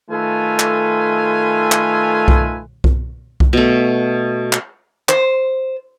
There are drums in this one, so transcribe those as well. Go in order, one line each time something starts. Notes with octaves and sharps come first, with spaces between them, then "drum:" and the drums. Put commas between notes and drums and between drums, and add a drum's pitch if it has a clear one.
D#3 A3 F4 A4 B4 G#5
drum: clap
drum: clap
drum: kick B1
drum: kick B1
drum: kick B1
B2 A3
drum: clap
C5, drum: clap